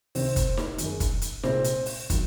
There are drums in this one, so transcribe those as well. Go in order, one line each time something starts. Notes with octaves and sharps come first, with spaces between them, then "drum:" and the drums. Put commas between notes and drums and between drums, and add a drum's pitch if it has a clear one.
C2 C3 D#3 C4, drum: open hi-hat
drum: kick, hi-hat
drum: snare D#4
F#2 D#3 G#3, drum: hi-hat
drum: kick, hi-hat
drum: hi-hat
C2 A#2 G#3 C4, drum: snare D#4
drum: hi-hat
drum: open hi-hat
D#3 F#3, drum: kick, hi-hat